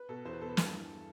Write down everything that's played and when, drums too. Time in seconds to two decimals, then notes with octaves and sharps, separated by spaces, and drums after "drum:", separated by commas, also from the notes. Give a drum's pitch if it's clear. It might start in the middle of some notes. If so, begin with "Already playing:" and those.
Already playing: B4
0.09 B2 A4
0.25 E2 C5
0.33 B4
0.41 B2 A4
0.49 B4
0.57 G2 A4, drum: snare
0.74 E3